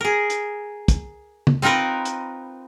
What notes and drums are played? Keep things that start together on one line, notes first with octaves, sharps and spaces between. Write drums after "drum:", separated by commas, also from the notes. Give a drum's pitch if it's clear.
G#4 A#4
drum: hi-hat
drum: kick, hi-hat
drum: tom C#3
C4 D#4 F4 A#4 B4
drum: hi-hat